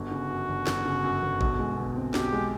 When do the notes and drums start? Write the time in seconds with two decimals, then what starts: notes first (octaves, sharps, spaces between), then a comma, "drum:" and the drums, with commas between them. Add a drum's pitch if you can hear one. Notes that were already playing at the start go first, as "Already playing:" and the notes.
Already playing: G1 F#4
0.11 C#3
0.30 F#2
0.48 G1
0.67 G1, drum: snare
0.86 C#3
1.04 F#2
1.22 G1
1.41 B1, drum: kick
1.59 G#3
1.77 B2
1.96 C4
2.14 B1 G4, drum: snare
2.32 G#3